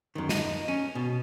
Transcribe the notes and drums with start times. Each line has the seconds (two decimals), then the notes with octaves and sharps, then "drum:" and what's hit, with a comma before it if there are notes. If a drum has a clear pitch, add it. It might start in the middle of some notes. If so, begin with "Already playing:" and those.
0.15 F#2 D#3
0.29 D#4, drum: snare
0.68 C#4
0.95 B2